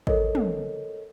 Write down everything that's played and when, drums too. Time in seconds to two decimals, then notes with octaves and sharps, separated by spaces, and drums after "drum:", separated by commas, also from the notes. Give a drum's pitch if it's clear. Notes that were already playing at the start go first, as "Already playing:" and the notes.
0.07 A4 A#4 C#5 D#5, drum: kick G#1
0.35 drum: tom